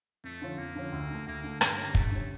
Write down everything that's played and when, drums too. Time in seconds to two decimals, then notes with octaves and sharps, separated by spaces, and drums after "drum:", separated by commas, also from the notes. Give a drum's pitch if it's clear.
0.24 F2 A3
0.41 D3 F3 C#4
0.58 F2 A#3
0.75 D3 F3 C#4
0.92 D2
1.09 D3 A3
1.26 D2 A#3
1.43 D3 A3
1.61 G2 A#3, drum: rim click
1.78 D3 G3 C#4
1.95 G2 A3, drum: kick
2.11 D3 G3 C#4